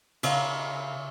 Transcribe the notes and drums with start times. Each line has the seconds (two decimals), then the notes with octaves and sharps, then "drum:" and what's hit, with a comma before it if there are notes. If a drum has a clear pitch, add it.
0.23 C#3 A#4 F5, drum: cymbal